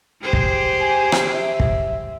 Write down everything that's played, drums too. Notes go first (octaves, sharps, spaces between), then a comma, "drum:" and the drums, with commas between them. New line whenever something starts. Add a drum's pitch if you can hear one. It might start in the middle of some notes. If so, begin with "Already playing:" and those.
G4 G#4 C5
drum: kick
G#5
drum: rim click
E5
drum: kick